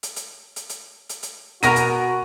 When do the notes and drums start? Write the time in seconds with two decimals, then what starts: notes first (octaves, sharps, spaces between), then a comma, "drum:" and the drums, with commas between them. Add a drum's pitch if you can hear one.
0.03 drum: hi-hat
0.16 drum: hi-hat
0.56 drum: hi-hat
0.70 drum: hi-hat
1.09 drum: hi-hat
1.23 drum: hi-hat
1.63 B2 F#4 A#4 F#5 A#5 A#6 D#7, drum: hi-hat
1.76 drum: hi-hat